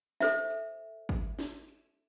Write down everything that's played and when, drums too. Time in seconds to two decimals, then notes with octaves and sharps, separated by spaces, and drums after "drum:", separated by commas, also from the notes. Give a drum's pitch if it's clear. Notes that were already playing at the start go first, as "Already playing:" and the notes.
0.21 A4 C5 E5, drum: snare
0.50 drum: tambourine
1.09 drum: kick, tambourine
1.39 drum: snare
1.68 drum: tambourine